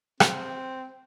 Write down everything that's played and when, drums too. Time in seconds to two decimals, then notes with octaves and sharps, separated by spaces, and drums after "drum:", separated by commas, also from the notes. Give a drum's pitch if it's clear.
0.20 C4, drum: rim click